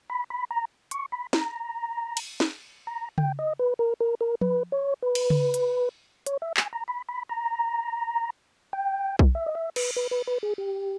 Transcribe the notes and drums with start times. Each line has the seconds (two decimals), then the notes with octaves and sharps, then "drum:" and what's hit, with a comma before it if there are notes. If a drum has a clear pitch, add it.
0.10 B5
0.30 B5
0.51 A#5
0.91 C#6, drum: hi-hat
1.12 B5
1.33 A#5, drum: snare
2.17 drum: cymbal
2.40 drum: snare
2.87 A#5
3.18 G5, drum: tom C#3
3.39 D#5
3.59 B4
3.79 A#4
4.00 A#4
4.21 A#4
4.41 B4, drum: tom F3
4.72 C#5
5.02 B4
5.15 drum: cymbal
5.30 drum: tom C#3
5.54 drum: hi-hat
6.26 C#5, drum: hi-hat
6.42 E5
6.57 G#5, drum: clap
6.73 A#5
6.88 B5
7.09 B5
7.29 A#5
8.73 G5
9.19 drum: kick B1
9.35 E5
9.46 D#5
9.55 E5
9.76 B4, drum: cymbal
9.97 B4
10.11 B4
10.27 B4
10.43 G#4
10.58 G4